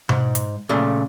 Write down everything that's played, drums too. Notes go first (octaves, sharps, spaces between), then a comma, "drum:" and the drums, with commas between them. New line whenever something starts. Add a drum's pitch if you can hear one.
G#2, drum: tom B2
drum: hi-hat
A#2 C#3 A3